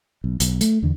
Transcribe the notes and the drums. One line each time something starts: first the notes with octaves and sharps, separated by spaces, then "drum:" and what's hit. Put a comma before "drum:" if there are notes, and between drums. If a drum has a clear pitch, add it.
B1
B1, drum: hi-hat
A3, drum: hi-hat
E2 D3